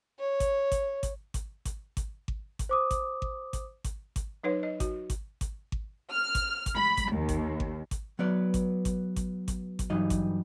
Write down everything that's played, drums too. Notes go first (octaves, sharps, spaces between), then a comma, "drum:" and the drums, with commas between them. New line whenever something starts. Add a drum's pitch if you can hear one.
C#5
drum: kick G#1, hi-hat
drum: kick G#1, hi-hat
drum: kick G#1, hi-hat
drum: kick G#1, hi-hat
drum: kick G#1, hi-hat
drum: kick G#1, hi-hat
drum: kick G#1
drum: kick G#1, hi-hat
C5 D6 D#6
drum: kick G#1, hi-hat
drum: kick G#1
drum: kick G#1, hi-hat
drum: kick G#1, hi-hat
drum: kick G#1, hi-hat
F#3 D#4 B4 C#5
D#5
F#4, drum: kick G#1, hi-hat
drum: kick G#1, hi-hat
drum: kick G#1, hi-hat
drum: kick G#1
F6
drum: kick G#1, hi-hat
drum: kick G#1, hi-hat
B5
drum: kick G#1, hi-hat
D#2
drum: kick G#1, hi-hat
drum: kick G#1
drum: kick G#1, hi-hat
F#3 B3 B4 D5
drum: kick G#1, hi-hat
drum: kick G#1, hi-hat
drum: kick G#1, hi-hat
drum: kick G#1, hi-hat
drum: kick G#1, hi-hat
G2 E3 F#3 D#4 D#5
drum: kick G#1, hi-hat